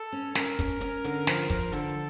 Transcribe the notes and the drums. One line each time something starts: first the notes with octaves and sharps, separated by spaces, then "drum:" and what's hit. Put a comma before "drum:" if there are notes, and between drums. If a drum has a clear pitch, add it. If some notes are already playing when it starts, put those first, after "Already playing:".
Already playing: A4
C#4
C#4 A#4, drum: snare
C#4, drum: kick, hi-hat
C#4, drum: hi-hat
D3, drum: hi-hat
F3, drum: snare
F3, drum: kick, hi-hat
D3 A4, drum: hi-hat